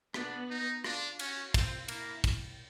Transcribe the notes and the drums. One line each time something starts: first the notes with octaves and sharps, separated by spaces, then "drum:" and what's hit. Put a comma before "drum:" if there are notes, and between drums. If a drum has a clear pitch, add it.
B3 D4, drum: rim click
D#4
D4 F4, drum: rim click
C#4 F#4, drum: cymbal
C4 F4, drum: kick, cymbal
A#3 E4, drum: cymbal
drum: kick, cymbal